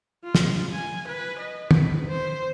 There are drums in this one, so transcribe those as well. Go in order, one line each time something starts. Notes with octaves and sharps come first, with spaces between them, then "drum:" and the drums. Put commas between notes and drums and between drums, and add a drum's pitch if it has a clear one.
F4
drum: snare
G#5
B4
D#5
B4, drum: tom
C5